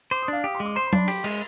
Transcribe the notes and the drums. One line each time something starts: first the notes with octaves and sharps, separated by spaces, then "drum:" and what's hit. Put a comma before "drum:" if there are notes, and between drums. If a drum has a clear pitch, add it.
C5 D6
D#6
D4 F5
G4 D#6
C6
G#3
D6
C5 C6
B5
D4, drum: tom F#3
B5
G4, drum: cymbal
G#3, drum: cymbal